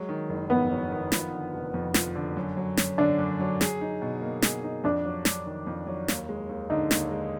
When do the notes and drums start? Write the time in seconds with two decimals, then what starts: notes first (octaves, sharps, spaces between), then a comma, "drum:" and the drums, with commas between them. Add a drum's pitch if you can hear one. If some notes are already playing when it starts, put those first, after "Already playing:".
Already playing: F#3 G#3
0.09 D#3
0.29 F#1
0.50 F2 B3
0.71 F#3
0.92 D#3
1.12 F3, drum: snare
1.33 D3
1.54 F1
1.74 F2
1.94 F3, drum: snare
2.15 D3
2.37 F#2
2.57 F#3
2.77 F#2, drum: snare
2.98 D3 D4
3.19 F#2
3.39 F#3
3.61 G#4, drum: snare
3.81 D#4
4.02 B2
4.22 A#3
4.42 G#4, drum: snare
4.64 D#4
4.84 F2 D4
5.05 F#3
5.25 F2, drum: snare
5.46 D#3
5.67 F2
5.87 F#3
6.08 D#2, drum: snare
6.29 G#3
6.49 D#2
6.70 D3 D#4
6.91 D#2, drum: snare
7.11 G#3